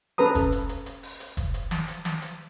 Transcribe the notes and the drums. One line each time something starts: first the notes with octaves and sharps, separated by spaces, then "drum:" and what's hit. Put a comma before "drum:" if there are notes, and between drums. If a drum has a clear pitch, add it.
C#4 A4 B4 A#5 D#6
drum: kick, hi-hat
drum: hi-hat
drum: hi-hat
drum: hi-hat
drum: open hi-hat
drum: hi-hat
drum: kick, hi-hat
drum: hi-hat
drum: snare
drum: hi-hat
drum: snare
drum: hi-hat